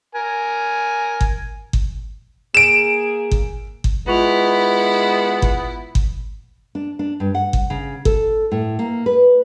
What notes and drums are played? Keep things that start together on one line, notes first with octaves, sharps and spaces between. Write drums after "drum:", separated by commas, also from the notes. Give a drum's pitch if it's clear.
A#4 G#5
drum: kick G1
drum: kick G1
A#3 G#4 D7 E7
drum: kick G1
drum: kick G1
G#3 B3 E4 F4 C#6 F7
drum: kick G1
drum: kick G1
D4
D4
G2
F#5
drum: kick G1
C#3
A4, drum: kick G1
A2
A#3
B4